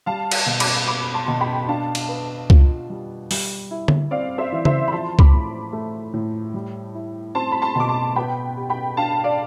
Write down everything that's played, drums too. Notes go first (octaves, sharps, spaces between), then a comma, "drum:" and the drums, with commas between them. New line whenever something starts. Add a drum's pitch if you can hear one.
G3 F5 A5
drum: cymbal
B2
B5 D6, drum: cymbal
B3 B5 D6
A5 C6
B2
G5 B5
D4 F5 A5
drum: cymbal
B4
F4, drum: kick C#2
G3
G3, drum: open hi-hat
E4
drum: tom D3
C4 D5 F5
C5 E5
E3
C5 E5, drum: tom C#3
B5
F3 A5 C6
B5 D6, drum: kick C#2
A2
A3
A2
G3
E4
C4 A5 C6
B5
A5 C6
B2 D6
A5 C6
B3 G5 B5
G4
G5 B5
D4 F5 A5
D5 F5